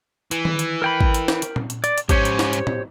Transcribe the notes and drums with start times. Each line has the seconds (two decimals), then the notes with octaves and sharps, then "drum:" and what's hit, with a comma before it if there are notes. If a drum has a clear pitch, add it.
0.31 E3, drum: hi-hat
0.45 drum: tom D#3
0.59 drum: hi-hat
0.82 A#4 G5 B5
1.01 drum: kick G#1
1.14 drum: hi-hat
1.28 drum: snare
1.42 drum: hi-hat
1.56 drum: tom A#2
1.70 drum: hi-hat
1.84 D5, drum: hi-hat
1.98 drum: hi-hat
2.09 G#2 C#4 G4 C5 C#5, drum: kick G#1, hi-hat
2.25 drum: hi-hat
2.39 drum: snare
2.53 drum: hi-hat
2.67 drum: tom A2